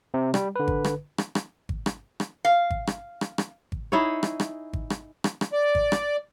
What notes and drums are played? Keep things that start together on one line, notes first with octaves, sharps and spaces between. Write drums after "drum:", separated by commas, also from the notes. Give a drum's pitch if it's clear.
C3
G3, drum: rim click
D3 B4
drum: kick G#1
drum: rim click
drum: rim click
drum: rim click
drum: kick G#1
drum: rim click
drum: rim click
F5
drum: kick G#1
drum: rim click
drum: rim click
drum: rim click
drum: kick G#1
D#4 E4 G#4 C#5
drum: rim click
drum: rim click
drum: kick G#1
drum: rim click
drum: rim click
drum: rim click
D5
drum: kick G#1
drum: rim click